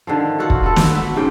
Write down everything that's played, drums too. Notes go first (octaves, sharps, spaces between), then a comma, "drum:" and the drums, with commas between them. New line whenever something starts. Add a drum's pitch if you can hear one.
D3 D#3 F3
F4 F#4 A4
drum: kick
B3 A4
drum: snare
F#4 E5 F#5
G#2 C#3 G5